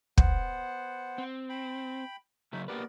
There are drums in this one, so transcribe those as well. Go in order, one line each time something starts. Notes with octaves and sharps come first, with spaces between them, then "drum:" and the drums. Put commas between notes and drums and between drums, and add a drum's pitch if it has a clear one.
B3 C5 F#5, drum: kick
C4
G5 B5
C#3 F#3 D#4 E5
A#3 B3 G4 A#4 B4 D5